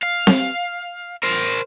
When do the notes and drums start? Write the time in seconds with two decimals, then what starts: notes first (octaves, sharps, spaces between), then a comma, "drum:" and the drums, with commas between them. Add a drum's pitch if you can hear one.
0.03 F5
0.27 drum: snare C4
1.23 A#4 C5